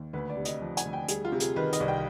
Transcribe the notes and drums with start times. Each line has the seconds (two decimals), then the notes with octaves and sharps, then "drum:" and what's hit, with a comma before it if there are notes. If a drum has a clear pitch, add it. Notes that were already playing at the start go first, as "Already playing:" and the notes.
Already playing: D#2
0.13 D2 B4
0.30 D5
0.37 C3
0.45 D#5, drum: hi-hat
0.62 F3
0.77 G#5, drum: hi-hat
0.86 D2
0.93 G5
1.08 G3 G#4, drum: hi-hat
1.25 F4
1.32 C3
1.40 G#4, drum: hi-hat
1.56 D#3 B4
1.73 D#5, drum: hi-hat
1.80 C2
1.88 G5